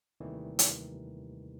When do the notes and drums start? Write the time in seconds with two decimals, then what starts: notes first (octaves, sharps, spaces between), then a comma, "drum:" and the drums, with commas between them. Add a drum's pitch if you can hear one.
0.20 D#2 C3 D#3 E3 G3 A3
0.59 drum: hi-hat